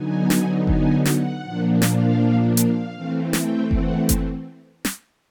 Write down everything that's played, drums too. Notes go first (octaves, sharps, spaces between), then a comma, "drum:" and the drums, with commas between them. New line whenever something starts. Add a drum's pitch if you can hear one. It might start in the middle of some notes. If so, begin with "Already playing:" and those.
Already playing: D3 F#3 B3 D#4 G#5
drum: snare
G#5, drum: kick F#1
F#5, drum: snare
A#2 F3 A#3 D4
F5, drum: snare
F5, drum: hi-hat
E3 A3 C4
G5, drum: snare
F#5, drum: kick F#1
drum: kick F#1, hi-hat
drum: snare